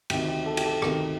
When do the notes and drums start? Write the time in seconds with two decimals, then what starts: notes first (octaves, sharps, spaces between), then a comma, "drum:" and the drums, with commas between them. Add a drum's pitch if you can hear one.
0.10 D2 C3 D#3 G4, drum: cymbal
0.28 G4
0.46 A4
0.57 G4, drum: cymbal
0.64 A4
0.82 D2 C3 D#3 A#4, drum: rim click